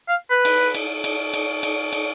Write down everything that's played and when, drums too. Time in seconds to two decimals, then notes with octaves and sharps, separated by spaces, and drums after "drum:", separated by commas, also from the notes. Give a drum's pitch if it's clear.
0.08 F5
0.30 B4
0.45 drum: cymbal
0.75 drum: cymbal
1.04 drum: cymbal
1.34 drum: cymbal
1.63 drum: cymbal
1.93 drum: cymbal